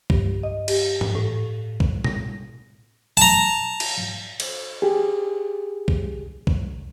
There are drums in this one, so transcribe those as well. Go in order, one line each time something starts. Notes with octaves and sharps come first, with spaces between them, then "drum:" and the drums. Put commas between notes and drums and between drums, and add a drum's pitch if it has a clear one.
G2, drum: kick
D#5
G4, drum: cymbal
drum: tom G#2
A2
drum: kick
A#6, drum: tom B2
A5 A#5
drum: cymbal
drum: cymbal
G4 G#4
drum: kick
drum: kick